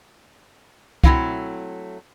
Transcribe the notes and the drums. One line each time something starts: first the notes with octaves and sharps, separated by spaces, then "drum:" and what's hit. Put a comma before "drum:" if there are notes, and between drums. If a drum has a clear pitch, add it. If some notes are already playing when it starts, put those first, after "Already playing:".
F#3 A3 C4 E4 D#5 F5, drum: kick C2